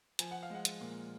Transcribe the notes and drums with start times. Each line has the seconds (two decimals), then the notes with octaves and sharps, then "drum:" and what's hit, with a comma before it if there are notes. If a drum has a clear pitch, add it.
0.19 F3 G#5, drum: hi-hat
0.31 F#5
0.43 F5
0.50 G#3 F#5
0.65 drum: hi-hat
0.81 A#2